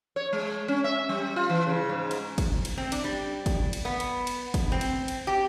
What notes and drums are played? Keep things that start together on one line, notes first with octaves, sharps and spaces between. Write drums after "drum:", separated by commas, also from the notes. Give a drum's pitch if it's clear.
C#5
G#3
C#4
E5
G3
F4
E3
C#3
G#2
drum: cymbal
drum: kick, cymbal
drum: cymbal
C4
D4, drum: cymbal
G3
drum: kick, cymbal
drum: cymbal
B3
drum: cymbal
drum: cymbal
drum: kick, cymbal
C4
drum: cymbal
drum: cymbal
G4